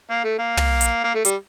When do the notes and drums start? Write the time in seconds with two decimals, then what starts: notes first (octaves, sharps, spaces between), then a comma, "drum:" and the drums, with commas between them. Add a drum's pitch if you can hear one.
0.10 A#3
0.24 A3
0.38 A#3
0.57 drum: tom
0.81 drum: hi-hat
1.04 A#3
1.14 A3
1.25 G3, drum: hi-hat